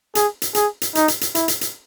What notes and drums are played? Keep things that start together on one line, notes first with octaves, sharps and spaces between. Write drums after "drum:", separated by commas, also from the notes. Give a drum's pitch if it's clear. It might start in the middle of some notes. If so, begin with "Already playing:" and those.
G#4, drum: hi-hat
drum: hi-hat
G#4, drum: hi-hat
drum: hi-hat
D#4, drum: hi-hat
drum: hi-hat
drum: hi-hat
E4, drum: hi-hat
drum: hi-hat
drum: hi-hat